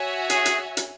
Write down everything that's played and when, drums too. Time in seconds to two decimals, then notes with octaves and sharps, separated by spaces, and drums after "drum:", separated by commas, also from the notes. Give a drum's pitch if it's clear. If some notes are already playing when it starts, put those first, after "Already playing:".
Already playing: F#4 C#5 E5 G#5
0.30 G#4, drum: hi-hat
0.45 drum: hi-hat
0.77 drum: hi-hat